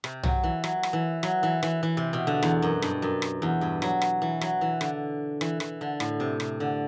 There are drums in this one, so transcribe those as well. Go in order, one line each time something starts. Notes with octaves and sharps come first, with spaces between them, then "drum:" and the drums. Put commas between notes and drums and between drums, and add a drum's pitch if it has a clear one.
C3, drum: rim click
F#3, drum: tom B1
E3
F#3, drum: rim click
drum: rim click
E3
F#3, drum: rim click
E3
E3, drum: rim click
E3
C3
B2
D3
E2, drum: rim click
F#2
G2, drum: rim click
F#2
drum: rim click
E2
G2
F#3, drum: rim click
drum: rim click
E3
F#3, drum: rim click
E3
D3, drum: rim click
E3, drum: rim click
E3, drum: rim click
D3
A2, drum: rim click
C3
C3, drum: rim click
D3